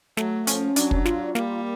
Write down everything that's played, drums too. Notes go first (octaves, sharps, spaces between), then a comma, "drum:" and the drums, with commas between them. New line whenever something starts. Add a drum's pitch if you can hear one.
F#3 A3, drum: snare
F3 C#4, drum: hi-hat
F#3 D4, drum: hi-hat
drum: kick
F4, drum: snare
G3 A#3, drum: snare